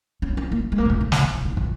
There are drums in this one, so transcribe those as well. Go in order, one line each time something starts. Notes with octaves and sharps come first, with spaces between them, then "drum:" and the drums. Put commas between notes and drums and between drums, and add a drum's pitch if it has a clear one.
C#4
C#4
A#3
G#3
A#3
A#2
G#2, drum: kick
F2
G#2, drum: snare
A#2
C#3
D#3
F3, drum: kick